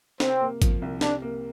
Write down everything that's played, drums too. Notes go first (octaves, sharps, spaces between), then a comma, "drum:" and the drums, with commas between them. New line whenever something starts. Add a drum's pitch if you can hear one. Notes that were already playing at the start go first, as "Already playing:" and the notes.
C3 C4, drum: snare
A#3
F3, drum: kick G#1, hi-hat
C2
C3 D4, drum: snare
A#3